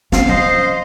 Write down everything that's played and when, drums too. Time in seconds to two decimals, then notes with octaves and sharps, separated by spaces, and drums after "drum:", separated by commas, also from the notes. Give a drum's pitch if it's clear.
0.12 C#4 F5, drum: snare
0.29 F3 C5 D#5